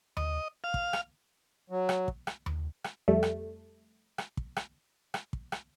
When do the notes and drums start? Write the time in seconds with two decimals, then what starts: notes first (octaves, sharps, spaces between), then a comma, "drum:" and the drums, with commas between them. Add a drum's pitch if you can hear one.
0.17 D#5, drum: tom D#2
0.64 F5
0.74 drum: kick
0.93 drum: rim click
1.70 F#3
1.89 drum: rim click
2.08 drum: kick
2.27 drum: rim click
2.46 drum: tom D#2
2.84 drum: rim click
3.08 F2 G3 A3
3.23 drum: rim click
4.18 drum: rim click
4.37 drum: kick
4.56 drum: rim click
5.14 drum: rim click
5.33 drum: kick
5.52 drum: rim click